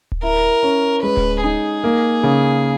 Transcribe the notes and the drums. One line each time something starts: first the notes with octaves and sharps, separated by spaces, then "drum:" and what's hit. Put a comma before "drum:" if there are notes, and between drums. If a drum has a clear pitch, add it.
drum: kick D1
E4 A#4
C#4
G#3 B4
drum: kick D1
D#4 G#4
A#3
C#3